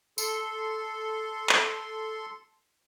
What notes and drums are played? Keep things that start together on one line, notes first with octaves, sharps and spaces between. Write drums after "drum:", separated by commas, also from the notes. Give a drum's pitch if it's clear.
A4 C6, drum: tambourine
drum: clap